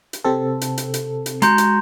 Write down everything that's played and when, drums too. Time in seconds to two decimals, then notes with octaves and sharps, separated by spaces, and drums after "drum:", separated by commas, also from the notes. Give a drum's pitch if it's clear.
0.13 drum: hi-hat
0.24 C3 C4 A4
0.61 drum: hi-hat
0.78 drum: hi-hat
0.94 drum: hi-hat
1.26 drum: hi-hat
1.42 G#3 F#4 A#5 C6 G6, drum: hi-hat
1.58 drum: hi-hat